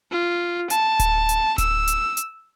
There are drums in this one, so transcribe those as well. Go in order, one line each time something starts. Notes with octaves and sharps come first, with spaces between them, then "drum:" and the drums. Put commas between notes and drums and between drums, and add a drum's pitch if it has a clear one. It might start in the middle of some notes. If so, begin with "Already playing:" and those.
F4
A5, drum: hi-hat
drum: kick D1, hi-hat
drum: hi-hat
E6, drum: kick D1, hi-hat
drum: hi-hat
drum: hi-hat